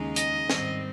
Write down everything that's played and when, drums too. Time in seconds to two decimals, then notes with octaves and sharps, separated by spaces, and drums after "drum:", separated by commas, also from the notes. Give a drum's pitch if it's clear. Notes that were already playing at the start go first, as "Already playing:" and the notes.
Already playing: D#2 C#3 G#3 D#4
0.16 D#5, drum: hi-hat
0.50 G#2 D#3 G3 C4, drum: snare